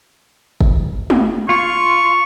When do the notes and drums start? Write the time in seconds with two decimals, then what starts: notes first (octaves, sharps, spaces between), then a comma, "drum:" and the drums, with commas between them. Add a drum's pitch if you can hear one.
0.61 drum: kick
1.10 drum: tom G#3
1.49 F4 C#6